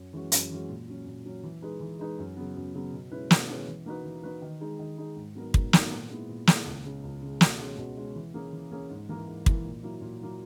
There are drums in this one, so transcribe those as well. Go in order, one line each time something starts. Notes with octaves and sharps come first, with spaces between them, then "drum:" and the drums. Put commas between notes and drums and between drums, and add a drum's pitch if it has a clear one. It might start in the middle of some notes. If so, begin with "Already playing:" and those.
Already playing: F#2
E3 G#3 C#4 F#4
F#2, drum: hi-hat
E3 G#3 C#4 F#4
A#2
F#3 C#4
A#2
F#3 C#4
E3
G#3 D#4 G#4 B4
E3
G#3 D#4 G#4 B4
F#2
C#3 F#3 B3
F#2
C#3 F#3 B3
B2
G#3 C#4 E4 B4
B2, drum: snare
G#3 C#4 E4 B4
E3
A#3 D#4 F#4 B4
E3
A#3 D#4 F#4 B4
D#3
G#3 D#4 G#4
D#3
G#3 D#4 G#4
G#2
F#3 B3 D#4 A#4
G#2, drum: kick
F#3 B3 D#4 A#4, drum: snare
A#2
G#3 B3 E4
A#2
G#3 B3 E4, drum: snare
C#2
C#3 G#3
C#2
C#3 G#3
B2, drum: snare
G#3 C#4
B2
G#3 C#4
E3
A#3 C#4 G#4
E3
A#3 C#4 G#4
G#2
E3 A#3 E4 A#4
G#2
E3 A#3 E4 A#4, drum: kick
A#2
F#3 A#3 E4
A#2
F#3 A#3 E4